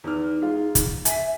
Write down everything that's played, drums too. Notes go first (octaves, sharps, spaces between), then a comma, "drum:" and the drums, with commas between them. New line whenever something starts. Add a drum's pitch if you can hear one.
E2 D#4 F6
G#3 F4
drum: kick, hi-hat
E5 G#5 B6, drum: hi-hat